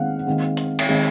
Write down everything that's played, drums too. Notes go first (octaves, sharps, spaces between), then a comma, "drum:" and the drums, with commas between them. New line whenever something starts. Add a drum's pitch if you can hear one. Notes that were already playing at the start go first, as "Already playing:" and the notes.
Already playing: D#3 G#3 C4 F5 F#5
D#3 G#3 C4
drum: hi-hat
drum: cymbal
D#3 G#3 C4